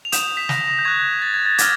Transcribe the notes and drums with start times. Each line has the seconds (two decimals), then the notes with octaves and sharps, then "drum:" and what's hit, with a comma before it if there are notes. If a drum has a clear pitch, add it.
0.05 F7
0.12 D#6 G6 E7, drum: hi-hat
0.37 B6
0.49 A#6, drum: snare
0.67 A#6
0.79 G6
0.85 C#6 F#6 G#6
1.22 A6
1.34 G#6
1.46 A6
1.58 D6 F6 G#6, drum: hi-hat